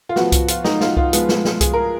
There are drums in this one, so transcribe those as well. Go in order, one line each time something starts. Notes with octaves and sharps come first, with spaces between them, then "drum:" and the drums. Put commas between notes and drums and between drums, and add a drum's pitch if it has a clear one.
F4
F3 B3 F#4, drum: snare
drum: kick C2, hi-hat
F4, drum: hi-hat
D#4, drum: snare
F4, drum: snare
F4, drum: kick C2
F3 G#3 B3, drum: hi-hat
drum: snare
drum: snare
G#4, drum: kick C2, hi-hat
A#4